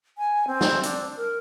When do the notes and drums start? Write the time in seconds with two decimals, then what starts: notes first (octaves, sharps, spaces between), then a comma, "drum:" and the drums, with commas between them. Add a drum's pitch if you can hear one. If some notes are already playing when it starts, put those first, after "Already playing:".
0.18 G#5
0.47 C4
0.61 drum: snare
0.83 D4, drum: hi-hat
1.17 A#4